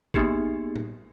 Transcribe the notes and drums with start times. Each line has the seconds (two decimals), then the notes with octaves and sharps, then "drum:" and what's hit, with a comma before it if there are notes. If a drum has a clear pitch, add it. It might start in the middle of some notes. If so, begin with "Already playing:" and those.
0.14 A#3 B3 D#4 G4 G#4, drum: kick
0.76 drum: tom A2